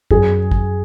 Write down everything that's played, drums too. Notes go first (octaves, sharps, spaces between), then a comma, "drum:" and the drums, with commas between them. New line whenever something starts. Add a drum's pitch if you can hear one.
F#2 G#4, drum: kick
drum: kick